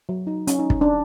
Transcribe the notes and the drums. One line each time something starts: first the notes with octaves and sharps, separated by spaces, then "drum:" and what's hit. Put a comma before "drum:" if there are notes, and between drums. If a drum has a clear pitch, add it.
F#3
D#4
C#4, drum: hi-hat
D#4
drum: kick
D4